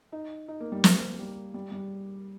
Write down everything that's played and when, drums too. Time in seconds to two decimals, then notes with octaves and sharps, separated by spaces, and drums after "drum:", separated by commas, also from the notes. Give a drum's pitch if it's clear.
0.12 D#4
0.48 D#4
0.60 A#3
0.72 G3
0.84 A#3, drum: snare
1.19 G3
1.54 G3
1.72 G3